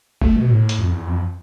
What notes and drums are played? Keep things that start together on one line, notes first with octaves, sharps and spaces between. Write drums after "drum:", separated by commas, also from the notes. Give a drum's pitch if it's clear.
A3, drum: kick F#1
B2
A2
drum: hi-hat
F2
E2
F2